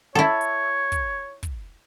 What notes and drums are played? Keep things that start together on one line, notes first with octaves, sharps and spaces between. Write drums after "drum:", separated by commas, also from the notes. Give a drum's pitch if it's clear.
E4 A4 C#5
drum: hi-hat
drum: kick, hi-hat
drum: kick, hi-hat